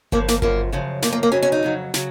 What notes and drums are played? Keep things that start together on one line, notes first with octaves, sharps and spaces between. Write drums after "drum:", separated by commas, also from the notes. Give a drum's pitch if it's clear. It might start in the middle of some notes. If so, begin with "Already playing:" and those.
F#2 C#3 F3 A#3, drum: kick G1
A#3, drum: snare
F#2 C#3 F3 A#3, drum: kick G1
F#2 C#3 F3
F#2 C#3 F3 A#3, drum: snare
A#3
A#3
F2 C#3 F#3 C#4
C#4
D#4
F2 C#3 F#3
C#3 F#3, drum: snare